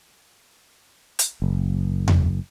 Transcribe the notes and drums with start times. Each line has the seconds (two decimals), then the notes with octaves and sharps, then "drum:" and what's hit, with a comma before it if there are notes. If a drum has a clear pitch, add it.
1.19 drum: hi-hat
1.42 F#1
2.08 drum: tom E2